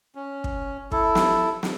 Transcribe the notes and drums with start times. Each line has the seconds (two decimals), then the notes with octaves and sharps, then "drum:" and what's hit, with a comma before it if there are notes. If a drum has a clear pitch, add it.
0.15 C#4
0.44 drum: kick
0.92 E4 A4, drum: kick
1.15 drum: snare
1.63 drum: snare